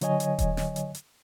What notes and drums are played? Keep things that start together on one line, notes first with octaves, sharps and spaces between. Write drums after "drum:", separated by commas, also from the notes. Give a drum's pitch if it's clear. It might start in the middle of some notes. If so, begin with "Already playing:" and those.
D3 F#3 C#5 D#5 G#5, drum: hi-hat
drum: hi-hat
drum: kick D#1, hi-hat
drum: snare
drum: hi-hat
drum: hi-hat